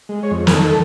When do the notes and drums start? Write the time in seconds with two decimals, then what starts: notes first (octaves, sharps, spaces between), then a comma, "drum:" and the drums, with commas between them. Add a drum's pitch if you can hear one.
0.09 G#3
0.23 C#5
0.31 F2
0.47 A#4, drum: snare
0.52 D#3 A4